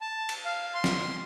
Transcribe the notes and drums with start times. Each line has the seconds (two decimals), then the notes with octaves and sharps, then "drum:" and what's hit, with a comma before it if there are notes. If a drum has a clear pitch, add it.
0.01 A5
0.29 drum: cymbal
0.45 F5
0.74 C6
0.84 drum: snare